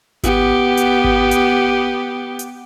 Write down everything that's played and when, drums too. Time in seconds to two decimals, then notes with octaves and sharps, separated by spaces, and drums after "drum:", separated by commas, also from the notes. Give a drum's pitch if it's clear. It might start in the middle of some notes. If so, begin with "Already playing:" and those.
0.23 B3 G4, drum: kick G#1, hi-hat
0.77 drum: hi-hat
1.04 drum: kick G#1
1.31 drum: hi-hat
2.39 drum: hi-hat